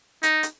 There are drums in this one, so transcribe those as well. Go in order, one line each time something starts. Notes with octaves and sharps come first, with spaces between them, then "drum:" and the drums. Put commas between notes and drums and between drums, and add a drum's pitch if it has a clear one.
D#4, drum: hi-hat
drum: hi-hat